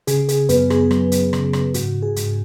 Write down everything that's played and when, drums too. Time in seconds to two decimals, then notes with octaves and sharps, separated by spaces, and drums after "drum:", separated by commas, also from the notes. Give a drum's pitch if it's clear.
0.07 C#3 G#4, drum: hi-hat
0.29 G#4, drum: hi-hat
0.49 F#2 B3 B4, drum: hi-hat
0.70 G#4, drum: rim click
0.91 F#3, drum: rim click
1.12 drum: hi-hat
1.33 C#3, drum: rim click
1.53 drum: rim click
1.74 G#2 F#4, drum: hi-hat
2.03 G#4
2.16 G#2, drum: hi-hat